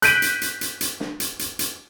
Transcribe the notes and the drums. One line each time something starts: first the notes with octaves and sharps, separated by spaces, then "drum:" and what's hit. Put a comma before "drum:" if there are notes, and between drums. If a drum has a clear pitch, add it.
F#6 G6 B6 D7 D#7 F#7, drum: hi-hat
drum: hi-hat
drum: hi-hat
drum: hi-hat
drum: hi-hat
drum: snare
drum: hi-hat
drum: hi-hat
drum: hi-hat